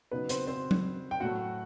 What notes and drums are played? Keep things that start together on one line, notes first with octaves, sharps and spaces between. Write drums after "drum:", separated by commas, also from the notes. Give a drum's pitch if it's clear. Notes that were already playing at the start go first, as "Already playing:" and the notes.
C#3 F#3 B3 D#4 B4
C4 C5, drum: hi-hat
C4 C5
drum: tom F#3
G5
A2 F#3 A3 F#4 F#5